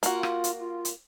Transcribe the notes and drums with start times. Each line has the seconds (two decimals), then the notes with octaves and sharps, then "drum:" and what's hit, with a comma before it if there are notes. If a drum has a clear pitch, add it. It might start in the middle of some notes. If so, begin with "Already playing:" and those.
0.03 A#3 F4 F#4, drum: hi-hat
0.23 drum: rim click
0.44 drum: hi-hat
0.59 F4
0.85 drum: hi-hat